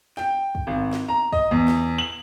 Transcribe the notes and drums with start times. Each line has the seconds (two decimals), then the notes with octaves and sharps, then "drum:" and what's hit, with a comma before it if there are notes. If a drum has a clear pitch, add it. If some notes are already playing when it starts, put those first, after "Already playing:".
0.17 G5, drum: snare
0.55 drum: kick
0.67 G#1
0.93 drum: snare
1.09 A#5
1.32 D#5, drum: kick
1.51 E2
1.68 drum: snare
1.98 F#7